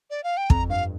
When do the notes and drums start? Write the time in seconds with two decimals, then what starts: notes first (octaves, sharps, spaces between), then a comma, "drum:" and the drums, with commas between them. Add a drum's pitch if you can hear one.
0.10 D5
0.24 F5
0.37 G5
0.50 F2 A#5, drum: kick
0.70 G2 F5